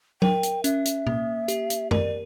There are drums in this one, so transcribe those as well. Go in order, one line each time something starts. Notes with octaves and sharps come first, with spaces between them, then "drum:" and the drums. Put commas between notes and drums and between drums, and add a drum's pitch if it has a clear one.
A#4 G5, drum: tom F#3
drum: hi-hat
C#4 E5, drum: hi-hat
drum: hi-hat
A#3, drum: tom B2
G4, drum: hi-hat
drum: hi-hat
A#4 D5, drum: tom F#2